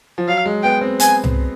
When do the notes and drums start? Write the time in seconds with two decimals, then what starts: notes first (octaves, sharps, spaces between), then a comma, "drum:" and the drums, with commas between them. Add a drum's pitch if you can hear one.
0.18 F3
0.28 F#3 F5
0.46 G#3
0.63 B3 G5
0.81 C4
1.00 B3 G#5, drum: hi-hat
1.24 drum: tom C2